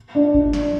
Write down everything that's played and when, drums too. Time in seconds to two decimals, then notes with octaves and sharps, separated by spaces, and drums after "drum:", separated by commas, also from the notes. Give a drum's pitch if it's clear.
0.15 D4
0.34 drum: kick G1
0.53 drum: snare